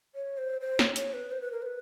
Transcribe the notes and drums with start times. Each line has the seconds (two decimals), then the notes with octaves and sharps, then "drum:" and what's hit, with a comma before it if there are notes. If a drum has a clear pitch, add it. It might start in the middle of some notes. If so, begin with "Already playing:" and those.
0.15 C#5
0.38 C5
0.61 C5
0.79 C#5, drum: snare
0.96 C#5, drum: hi-hat
1.13 B4
1.31 C5
1.41 B4
1.52 A#4
1.62 C5
1.66 B4